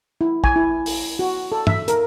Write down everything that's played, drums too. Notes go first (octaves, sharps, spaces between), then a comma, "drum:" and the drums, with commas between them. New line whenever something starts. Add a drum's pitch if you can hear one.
E4
G#5, drum: kick
E4
drum: open hi-hat
F#4
A4
E5, drum: tom
A#4, drum: hi-hat